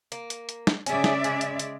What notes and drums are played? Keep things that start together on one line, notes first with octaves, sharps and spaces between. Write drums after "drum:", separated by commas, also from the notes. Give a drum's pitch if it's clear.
A#3, drum: hi-hat
drum: hi-hat
drum: hi-hat
drum: snare
C#3 C#4 G#4 D5 E5, drum: hi-hat
drum: snare
G#3, drum: hi-hat
drum: hi-hat
drum: hi-hat